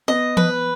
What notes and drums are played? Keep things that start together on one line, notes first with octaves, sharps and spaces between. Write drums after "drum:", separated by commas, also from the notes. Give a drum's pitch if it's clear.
B3 D#5
B4, drum: tom E3